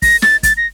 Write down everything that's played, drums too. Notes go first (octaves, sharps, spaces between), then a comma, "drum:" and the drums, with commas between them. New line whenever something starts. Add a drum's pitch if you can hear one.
A#6, drum: kick, open hi-hat
A6, drum: snare
A6, drum: kick, hi-hat
A#6